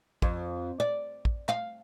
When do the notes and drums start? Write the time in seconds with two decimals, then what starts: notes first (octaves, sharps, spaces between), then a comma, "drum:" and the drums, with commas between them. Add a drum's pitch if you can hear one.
0.22 F2, drum: kick
0.80 D5
1.25 drum: kick
1.49 F5, drum: clap